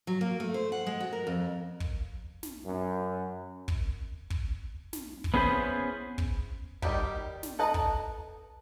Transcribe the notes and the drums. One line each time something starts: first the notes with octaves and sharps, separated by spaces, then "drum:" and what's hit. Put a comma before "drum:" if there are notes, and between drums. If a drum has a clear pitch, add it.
F#3
A#3
A3
C5
F#5
G#3
F#4
A#4
F2
drum: kick
drum: snare
F#2
drum: kick
drum: kick
drum: snare
drum: kick
B3 C#4 E4 G#4 B4 C5
drum: kick
D#3 G3 G4 B5, drum: kick
drum: snare
A4 B4 D#5 A5 A#5
drum: kick